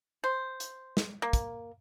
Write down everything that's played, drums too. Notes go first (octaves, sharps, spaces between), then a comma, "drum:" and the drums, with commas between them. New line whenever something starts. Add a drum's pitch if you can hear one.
C5
drum: hi-hat
drum: snare
A#3
drum: kick, hi-hat